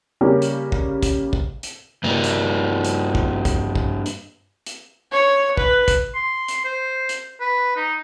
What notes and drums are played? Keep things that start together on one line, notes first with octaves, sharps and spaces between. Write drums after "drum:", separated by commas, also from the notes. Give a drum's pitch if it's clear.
C#3 G3 A#3 C#4 G4
drum: hi-hat
drum: kick
drum: kick, hi-hat
drum: kick
drum: hi-hat
G2 A#3
drum: hi-hat
drum: hi-hat
drum: kick
drum: kick, hi-hat
drum: kick
drum: hi-hat
drum: hi-hat
C#5
B4, drum: kick
drum: kick, hi-hat
C6
drum: hi-hat
C5
drum: hi-hat
B4
D#4